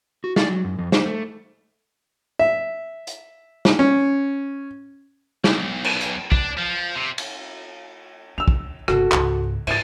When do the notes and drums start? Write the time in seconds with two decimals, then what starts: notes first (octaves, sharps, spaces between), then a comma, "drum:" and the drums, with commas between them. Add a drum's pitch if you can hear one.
0.24 F#4
0.36 D5, drum: snare
0.48 F#3
0.64 F#2
0.78 F2
0.92 C5, drum: snare
1.06 A3
2.39 E5
3.07 drum: hi-hat
3.65 drum: snare
3.79 C#4
5.44 B1, drum: snare
5.84 drum: cymbal
6.01 drum: hi-hat
6.32 D4, drum: kick
6.58 F3
6.95 C3
7.18 drum: cymbal
8.38 D4 E6 F7
8.48 drum: kick
8.88 G1 C3 F#4 A4, drum: rim click
9.12 C#2 G#2, drum: clap
9.67 G#2 E4 A6, drum: cymbal